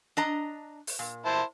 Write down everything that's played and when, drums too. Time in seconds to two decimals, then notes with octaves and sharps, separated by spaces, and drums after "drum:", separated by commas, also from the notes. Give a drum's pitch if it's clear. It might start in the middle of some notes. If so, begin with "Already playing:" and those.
0.17 D4 D#5 A#5
0.87 drum: open hi-hat
0.99 A#2
1.25 E4 C5 A5